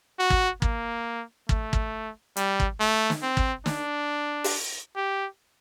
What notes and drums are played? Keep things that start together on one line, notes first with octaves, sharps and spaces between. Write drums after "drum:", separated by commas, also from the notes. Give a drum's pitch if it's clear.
F#4
drum: kick
A#3, drum: kick
A3, drum: kick
drum: kick
G3, drum: hi-hat
drum: kick
A3
drum: snare
C4
drum: kick
D4, drum: snare
drum: open hi-hat
G4